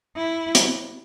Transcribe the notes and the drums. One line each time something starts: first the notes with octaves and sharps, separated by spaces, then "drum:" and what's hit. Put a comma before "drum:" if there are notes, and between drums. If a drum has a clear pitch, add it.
E4
drum: hi-hat